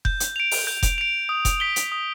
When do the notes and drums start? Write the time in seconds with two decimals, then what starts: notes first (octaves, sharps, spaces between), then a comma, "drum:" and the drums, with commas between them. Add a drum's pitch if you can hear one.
0.05 G6, drum: kick F1
0.20 drum: hi-hat
0.36 D7 F7
0.51 drum: open hi-hat
0.67 G6
0.83 drum: kick F1, hi-hat
0.98 D7 F7
1.29 D#6
1.45 drum: kick F1, hi-hat
1.60 B6 D7 G7
1.76 drum: hi-hat
1.92 D#6